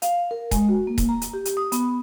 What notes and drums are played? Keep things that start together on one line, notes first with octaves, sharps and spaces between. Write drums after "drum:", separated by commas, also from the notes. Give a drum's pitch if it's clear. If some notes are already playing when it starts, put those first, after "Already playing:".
F5, drum: hi-hat
A#4
G#3, drum: kick D#1, hi-hat
F#4
A#3
drum: kick D#1, hi-hat
A#5
drum: hi-hat
G4
drum: hi-hat
D#6
B3, drum: hi-hat